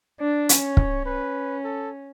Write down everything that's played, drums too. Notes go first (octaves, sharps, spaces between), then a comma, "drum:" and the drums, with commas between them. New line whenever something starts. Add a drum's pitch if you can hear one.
D4 D5
C#4 C#5, drum: hi-hat
drum: kick
C#4 B4
A4